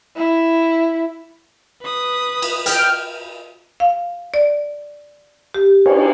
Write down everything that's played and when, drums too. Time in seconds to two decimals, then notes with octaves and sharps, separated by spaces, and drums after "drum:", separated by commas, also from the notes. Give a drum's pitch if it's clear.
0.16 E4
1.82 B4 D#6
2.42 drum: cymbal
2.66 G5 F6, drum: hi-hat
3.80 F5
4.34 D5
5.54 G4
5.86 drum: cymbal